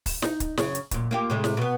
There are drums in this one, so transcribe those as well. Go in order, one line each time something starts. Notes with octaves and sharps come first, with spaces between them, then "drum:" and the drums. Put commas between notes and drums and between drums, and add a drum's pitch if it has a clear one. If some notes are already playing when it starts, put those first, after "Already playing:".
drum: kick, open hi-hat
D#4, drum: snare
drum: kick, hi-hat
F#2 C#3 C#4, drum: snare
drum: hi-hat
F#2 A#2, drum: kick, hi-hat
A#3 F4 G4
A2 C3 G#3
drum: snare
B2 B3